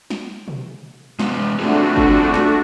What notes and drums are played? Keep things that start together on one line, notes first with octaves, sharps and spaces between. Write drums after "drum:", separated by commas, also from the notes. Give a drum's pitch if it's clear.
drum: snare
drum: tom B2
G#3 B3, drum: snare
A3 C4 D4 F4 F#4 G#4
drum: kick
drum: snare